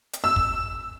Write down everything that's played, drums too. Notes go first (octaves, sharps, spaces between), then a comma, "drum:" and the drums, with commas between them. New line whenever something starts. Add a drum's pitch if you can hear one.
drum: hi-hat
E6
drum: kick